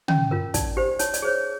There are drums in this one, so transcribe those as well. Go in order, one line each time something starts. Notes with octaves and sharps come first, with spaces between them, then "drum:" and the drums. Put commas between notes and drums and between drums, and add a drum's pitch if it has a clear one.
C#4, drum: tom
F4 A#4
D#4 D5, drum: kick, hi-hat
G4 C5
D#4 C#5, drum: hi-hat
D5, drum: hi-hat
G#4 C5 C#5